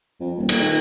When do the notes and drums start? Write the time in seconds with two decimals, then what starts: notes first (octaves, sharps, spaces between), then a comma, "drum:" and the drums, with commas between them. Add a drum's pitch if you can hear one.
0.20 F2
0.37 D#1
0.49 A#2, drum: cymbal
0.61 D#3